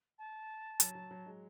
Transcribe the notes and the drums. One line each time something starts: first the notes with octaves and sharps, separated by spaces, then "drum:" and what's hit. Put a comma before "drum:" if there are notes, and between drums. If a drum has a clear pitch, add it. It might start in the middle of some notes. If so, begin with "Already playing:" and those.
A5
F#3, drum: hi-hat
F#3
F#3
G#3